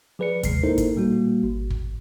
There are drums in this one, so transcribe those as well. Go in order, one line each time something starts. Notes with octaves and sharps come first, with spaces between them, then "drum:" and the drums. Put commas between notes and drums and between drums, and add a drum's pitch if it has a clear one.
F3 G#4 B4 D5 C#7
D#2 C3 D#3 G#3 C7, drum: kick, hi-hat
A#3 D#4 E4 A4 A#4 C5
drum: kick, hi-hat
A#2 G3 A#3 F#4
G#1
drum: kick